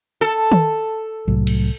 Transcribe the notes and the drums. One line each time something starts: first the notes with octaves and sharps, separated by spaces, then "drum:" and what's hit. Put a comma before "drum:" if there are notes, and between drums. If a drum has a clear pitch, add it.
A4
drum: tom D#3
C2 A2 F#3
drum: cymbal